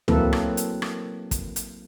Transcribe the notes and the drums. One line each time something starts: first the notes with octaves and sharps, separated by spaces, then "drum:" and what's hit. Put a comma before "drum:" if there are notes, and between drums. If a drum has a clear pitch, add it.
F#3 A#3 C4 E4 A4 B4, drum: tom C#2
drum: rim click
drum: hi-hat
drum: rim click
drum: kick, hi-hat
drum: hi-hat